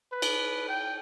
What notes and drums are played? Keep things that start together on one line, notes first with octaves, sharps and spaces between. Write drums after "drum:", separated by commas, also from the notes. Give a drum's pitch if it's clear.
B4
drum: cymbal
G5